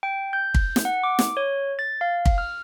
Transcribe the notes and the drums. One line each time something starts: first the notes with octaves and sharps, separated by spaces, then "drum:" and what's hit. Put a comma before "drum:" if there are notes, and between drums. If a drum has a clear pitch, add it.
G5
G6
drum: kick
drum: snare
F#5
D6
drum: snare
C#5
A6
F5
drum: kick
F6